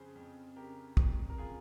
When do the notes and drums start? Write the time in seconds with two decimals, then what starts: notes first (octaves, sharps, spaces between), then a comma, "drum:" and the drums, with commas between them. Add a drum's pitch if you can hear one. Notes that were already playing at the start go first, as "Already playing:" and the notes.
Already playing: F2 C#3 G#4 C5
0.15 F2
0.56 C#3 G4 A#4
0.97 F2, drum: kick
1.30 A#4
1.38 C#3 F4 G#4